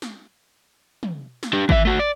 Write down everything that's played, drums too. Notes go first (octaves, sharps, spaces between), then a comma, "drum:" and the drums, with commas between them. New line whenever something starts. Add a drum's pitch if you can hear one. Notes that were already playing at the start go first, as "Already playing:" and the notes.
drum: snare
drum: tom
drum: snare
D4 G4
E3 E5, drum: kick G#1
A3 F#4
D5